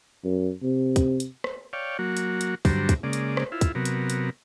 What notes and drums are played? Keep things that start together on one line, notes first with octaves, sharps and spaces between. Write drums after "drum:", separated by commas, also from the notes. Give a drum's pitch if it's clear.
F#2
C3
drum: kick, hi-hat
drum: hi-hat
drum: rim click
C#5 D5 F5 G5
F#3 A#3 F#4
drum: hi-hat
drum: hi-hat
G2 D3 F#3 G3 C5 A#5, drum: kick, open hi-hat
drum: kick, hi-hat
C#3 G#3 A#3 D5
drum: hi-hat
drum: rim click
E4 F4
drum: kick, hi-hat
C3 F#3 B3 A#4
drum: hi-hat
drum: hi-hat